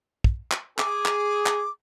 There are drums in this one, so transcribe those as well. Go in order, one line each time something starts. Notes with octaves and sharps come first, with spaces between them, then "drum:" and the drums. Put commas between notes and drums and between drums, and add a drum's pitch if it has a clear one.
drum: kick
drum: clap
G#4 D6, drum: clap
drum: clap
drum: clap